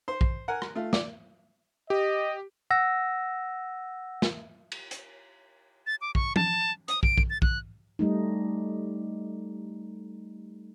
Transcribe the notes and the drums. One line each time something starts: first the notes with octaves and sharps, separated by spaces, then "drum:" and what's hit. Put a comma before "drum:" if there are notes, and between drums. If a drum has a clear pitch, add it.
C5
drum: kick
A#4 F#5 G#5
drum: rim click
A3 F4
D5, drum: snare
G4 D#5
F#5 E6 A#6
drum: snare
drum: cymbal
drum: hi-hat
A6
D6
C#6, drum: kick
A5, drum: tom
D#6, drum: hi-hat
D7, drum: kick
drum: kick
A6
F#6, drum: kick
G3 A3 D#4